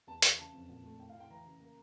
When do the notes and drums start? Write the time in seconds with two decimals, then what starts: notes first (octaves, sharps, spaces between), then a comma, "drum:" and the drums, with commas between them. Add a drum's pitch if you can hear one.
0.07 E2 A5
0.22 E3, drum: hi-hat
0.38 C#3 A5
0.53 F2
0.69 A#2
0.84 A3
1.00 A2 G5
1.09 F5
1.14 A2
1.20 G5
1.30 E3 A#5
1.45 C#3
1.60 A#3